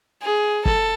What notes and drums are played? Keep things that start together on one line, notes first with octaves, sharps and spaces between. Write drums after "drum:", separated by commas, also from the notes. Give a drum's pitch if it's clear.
G#4
A4, drum: kick